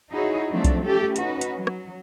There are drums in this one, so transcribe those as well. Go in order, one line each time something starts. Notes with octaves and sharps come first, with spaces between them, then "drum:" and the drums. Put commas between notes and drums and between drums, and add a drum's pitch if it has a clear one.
D#4 E4 F#4 G#4 C#5
F3 F#3 A3 C4 D4
drum: kick B1, hi-hat
A3 C#4 G4 A4
C#4 D#4 F#4 B4, drum: hi-hat
drum: hi-hat
F#3
drum: rim click